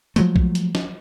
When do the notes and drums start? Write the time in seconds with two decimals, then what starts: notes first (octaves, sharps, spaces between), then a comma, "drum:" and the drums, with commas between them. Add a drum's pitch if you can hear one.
0.16 F3 F#3 G#3 A3, drum: hi-hat
0.36 drum: kick B1
0.55 drum: hi-hat
0.75 drum: snare